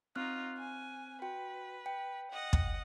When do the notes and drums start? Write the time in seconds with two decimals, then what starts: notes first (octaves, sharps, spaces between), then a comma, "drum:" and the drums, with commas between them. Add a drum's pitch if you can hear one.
0.16 C4 D#4 F4 F6 F#6
0.58 G#5
1.22 F#4 B4 G5
1.86 G5
2.32 D#5 F#5
2.53 drum: kick